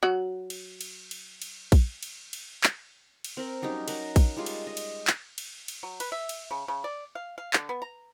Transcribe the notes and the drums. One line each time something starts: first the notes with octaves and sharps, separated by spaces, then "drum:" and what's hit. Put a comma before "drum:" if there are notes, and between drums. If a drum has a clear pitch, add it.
F#3 F#4
drum: cymbal
drum: cymbal
drum: cymbal
drum: cymbal
drum: kick A#1, cymbal
drum: cymbal
drum: cymbal
drum: clap
drum: cymbal
C4 A#4
F#3 G3 C#4 D#4
A#4 F#5 A#5, drum: cymbal
drum: kick A#1, cymbal
G3 G#3 F4
drum: cymbal
D#5
drum: cymbal
drum: clap
drum: cymbal
drum: cymbal
F#3
B4, drum: cymbal
E5
drum: cymbal
C#3
C#3
D5
F5
F5
D3, drum: clap
B3
A#5